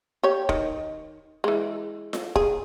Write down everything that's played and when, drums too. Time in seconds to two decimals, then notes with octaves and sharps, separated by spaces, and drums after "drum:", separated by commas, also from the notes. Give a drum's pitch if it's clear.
0.23 G4 C#5
0.49 D#3, drum: kick
1.44 E3 G#3
2.13 drum: snare F4
2.36 G#4, drum: kick